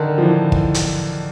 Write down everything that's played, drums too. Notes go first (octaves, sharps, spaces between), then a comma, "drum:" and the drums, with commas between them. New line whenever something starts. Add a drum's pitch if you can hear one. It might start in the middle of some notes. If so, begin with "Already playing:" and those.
Already playing: D3 D#3
F3
E3
drum: kick
drum: hi-hat